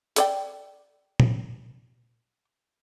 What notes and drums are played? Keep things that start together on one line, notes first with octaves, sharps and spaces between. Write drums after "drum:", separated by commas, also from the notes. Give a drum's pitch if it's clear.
A4 D5 G5, drum: hi-hat
drum: tom A#2